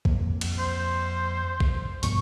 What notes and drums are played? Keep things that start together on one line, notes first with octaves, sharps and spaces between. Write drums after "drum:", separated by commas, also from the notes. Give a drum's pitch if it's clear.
F2 A#3, drum: kick A#1
drum: cymbal
C5
drum: kick A#1
G2 B2 F3 C#6, drum: hi-hat